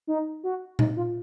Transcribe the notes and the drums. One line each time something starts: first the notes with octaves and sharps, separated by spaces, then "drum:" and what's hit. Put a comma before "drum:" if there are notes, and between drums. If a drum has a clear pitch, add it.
D#4
F#4
D#4, drum: tom A#2
F4